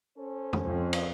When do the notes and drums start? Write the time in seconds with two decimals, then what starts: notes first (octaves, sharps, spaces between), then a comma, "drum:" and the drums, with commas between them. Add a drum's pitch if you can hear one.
0.18 C#4 A4 C5
0.53 drum: tom F2
0.65 F2
0.93 drum: cymbal